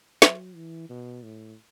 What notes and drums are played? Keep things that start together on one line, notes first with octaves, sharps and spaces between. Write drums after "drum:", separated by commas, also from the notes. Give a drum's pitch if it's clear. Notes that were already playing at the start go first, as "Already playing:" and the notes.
F#3, drum: snare
E3
B2
A2